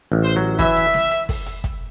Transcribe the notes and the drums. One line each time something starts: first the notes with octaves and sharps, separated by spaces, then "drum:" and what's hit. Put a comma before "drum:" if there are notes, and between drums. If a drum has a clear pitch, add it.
A1
C5
F#3
E3 E5, drum: kick, hi-hat
drum: hi-hat
drum: snare
drum: hi-hat
drum: kick, open hi-hat
drum: hi-hat
drum: kick, hi-hat